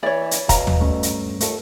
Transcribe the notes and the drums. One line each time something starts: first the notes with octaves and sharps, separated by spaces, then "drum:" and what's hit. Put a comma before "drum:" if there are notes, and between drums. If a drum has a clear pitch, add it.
E3 C#5 D5
drum: hi-hat
B2 F5 A#5, drum: kick E1, hi-hat
drum: tom
G2 A3 C#4
drum: hi-hat
D#2 A3 F4 A4, drum: hi-hat